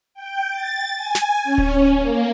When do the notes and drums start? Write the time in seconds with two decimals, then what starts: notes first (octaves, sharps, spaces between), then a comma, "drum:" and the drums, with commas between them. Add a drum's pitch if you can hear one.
0.14 G5
0.50 A6
0.96 G#5
1.15 drum: snare
1.44 C#4
1.58 drum: kick D1
1.97 A#3